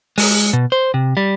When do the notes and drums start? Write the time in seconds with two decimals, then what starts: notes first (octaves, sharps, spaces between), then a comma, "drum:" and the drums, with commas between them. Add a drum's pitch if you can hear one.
0.18 G#3, drum: open hi-hat
0.53 B2
0.72 C5
0.94 C3
1.17 G3